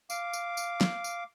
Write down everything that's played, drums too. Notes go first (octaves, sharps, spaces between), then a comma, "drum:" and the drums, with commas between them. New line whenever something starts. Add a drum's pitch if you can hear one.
F5 D6, drum: tambourine
drum: tambourine
drum: tambourine
drum: snare
drum: tambourine